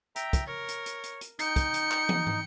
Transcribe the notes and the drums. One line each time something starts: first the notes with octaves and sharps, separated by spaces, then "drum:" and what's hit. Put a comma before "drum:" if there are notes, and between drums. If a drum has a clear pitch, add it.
E5 G5 A#5, drum: hi-hat
drum: kick, hi-hat
A#4 C#5
drum: hi-hat
drum: hi-hat
drum: hi-hat
drum: hi-hat
D#4 G5 C#7, drum: hi-hat
drum: kick, hi-hat
drum: hi-hat
drum: clap
drum: tom
drum: tom